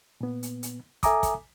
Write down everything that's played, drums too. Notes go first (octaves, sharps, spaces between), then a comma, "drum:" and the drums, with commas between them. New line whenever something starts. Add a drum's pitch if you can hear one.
A#2 B3
drum: hi-hat
drum: hi-hat
A4 E5 G#5 A#5 D6 D#6, drum: kick, hi-hat
drum: kick, hi-hat